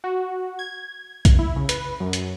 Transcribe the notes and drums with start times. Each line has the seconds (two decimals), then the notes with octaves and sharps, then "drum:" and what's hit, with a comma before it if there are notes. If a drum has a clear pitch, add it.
0.04 F#4
0.59 G#6
1.25 drum: kick, hi-hat
1.39 E4
1.56 C#3
1.69 B4, drum: hi-hat
2.00 F#2
2.13 drum: hi-hat